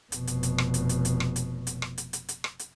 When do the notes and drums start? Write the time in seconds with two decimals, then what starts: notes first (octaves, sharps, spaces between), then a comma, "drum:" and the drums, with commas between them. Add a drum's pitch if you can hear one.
0.12 F1 B2, drum: hi-hat
0.27 drum: hi-hat
0.43 drum: hi-hat
0.58 drum: rim click
0.74 drum: hi-hat
0.89 drum: hi-hat
1.05 drum: hi-hat
1.20 drum: rim click
1.36 drum: hi-hat
1.67 drum: hi-hat
1.82 drum: rim click
1.98 drum: hi-hat
2.13 drum: hi-hat
2.29 drum: hi-hat
2.44 drum: rim click
2.59 drum: hi-hat